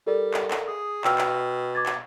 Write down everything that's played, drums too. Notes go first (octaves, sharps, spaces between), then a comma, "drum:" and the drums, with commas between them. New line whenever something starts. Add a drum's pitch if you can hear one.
G3 A4 A#4 D5
drum: clap
drum: clap
G#4 D#6
B2 G5 E6 F6, drum: clap
drum: clap
D6 G#6 A6
drum: clap